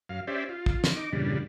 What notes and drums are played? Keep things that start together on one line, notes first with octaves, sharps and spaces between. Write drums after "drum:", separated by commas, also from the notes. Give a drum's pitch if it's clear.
F#2 F5
C#4 G4 C5 D5 E5
F4
drum: kick
drum: snare
D#4 D6
E2 G2 A#2 C#3 G3 D4